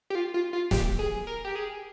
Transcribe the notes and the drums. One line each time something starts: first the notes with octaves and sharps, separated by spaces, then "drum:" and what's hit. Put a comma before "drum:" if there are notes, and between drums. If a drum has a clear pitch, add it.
G4
F4
F4
F4
G4, drum: snare
G#4
A#4
G4
G#4